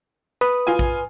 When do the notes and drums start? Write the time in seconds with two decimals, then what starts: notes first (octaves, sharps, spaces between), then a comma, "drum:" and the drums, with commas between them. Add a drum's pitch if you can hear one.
0.41 B4 D#6
0.67 F4 G#5
0.79 drum: kick A#1